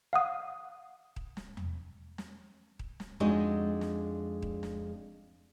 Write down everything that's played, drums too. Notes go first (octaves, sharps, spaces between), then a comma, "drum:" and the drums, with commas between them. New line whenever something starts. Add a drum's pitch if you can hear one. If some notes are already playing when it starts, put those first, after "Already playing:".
F5 F#5 D#6
drum: kick D#1
drum: snare
drum: tom E2
drum: snare
drum: kick D#1
drum: snare
F2 G#3 D4 D#4 F#4 D#5
drum: snare
drum: kick D#1
drum: snare